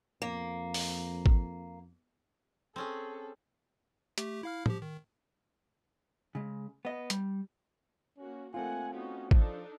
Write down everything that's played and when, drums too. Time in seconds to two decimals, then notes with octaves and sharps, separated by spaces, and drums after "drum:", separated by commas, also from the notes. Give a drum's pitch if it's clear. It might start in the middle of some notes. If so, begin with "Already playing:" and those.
0.22 F2 A#3
0.74 drum: open hi-hat
1.26 drum: kick G#1
2.76 C4 C#4 G#4 A4
4.18 A3 G4, drum: hi-hat
4.43 E4 F5 F6
4.66 F3 G4, drum: tom
4.82 D#3
6.35 C#3 G#3
6.85 B3 D#5
7.10 G3, drum: hi-hat
8.18 A#3 C#4 F#4
8.54 A3 A#3 C4 F4 F#5 G#5
8.93 B3 C#4 D#4 F#4
9.31 F3 D4 D#4 A4, drum: kick G#1